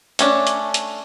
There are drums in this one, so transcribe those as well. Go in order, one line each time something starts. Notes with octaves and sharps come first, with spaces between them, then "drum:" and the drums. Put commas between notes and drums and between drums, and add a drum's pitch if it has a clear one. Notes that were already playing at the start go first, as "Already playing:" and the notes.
A3 C#4 D4, drum: hi-hat
drum: hi-hat
drum: hi-hat